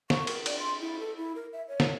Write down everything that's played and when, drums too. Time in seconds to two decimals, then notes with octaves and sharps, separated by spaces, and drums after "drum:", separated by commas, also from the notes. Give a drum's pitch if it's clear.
0.10 C#6, drum: snare
0.27 A#4, drum: cymbal
0.46 D5, drum: cymbal
0.59 C6
0.81 E4
0.99 A4
1.17 E4
1.36 A#4
1.53 E5
1.68 C#5
1.80 drum: snare